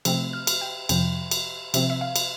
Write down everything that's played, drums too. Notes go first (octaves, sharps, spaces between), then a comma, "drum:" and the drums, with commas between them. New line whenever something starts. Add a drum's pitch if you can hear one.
C3 F3 A3 C4 E6, drum: cymbal
F6
drum: cymbal
G5
F2 C3 F3 G5, drum: cymbal
drum: cymbal
C3 F3 C4 E5, drum: cymbal
E5
F5
drum: cymbal